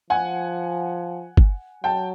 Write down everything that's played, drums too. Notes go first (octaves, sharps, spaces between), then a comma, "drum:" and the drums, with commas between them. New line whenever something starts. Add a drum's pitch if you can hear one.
F3 F#5 G#5
drum: kick
F#3 G5 A5